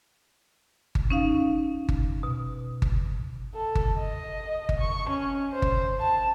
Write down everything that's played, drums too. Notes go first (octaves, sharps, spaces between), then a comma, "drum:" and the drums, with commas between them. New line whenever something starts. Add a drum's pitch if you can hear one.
drum: kick G1
C#4 D#4 F5
drum: kick G1
B2
drum: kick G1
A4
drum: kick G1
D#5
drum: kick G1
C#6
C#4
C5
drum: kick G1
A5